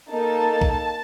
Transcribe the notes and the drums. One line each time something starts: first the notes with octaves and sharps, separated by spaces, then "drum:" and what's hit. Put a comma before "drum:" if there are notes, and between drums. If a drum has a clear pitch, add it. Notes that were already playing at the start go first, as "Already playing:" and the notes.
A#3 D#4 A4 A5
drum: kick B1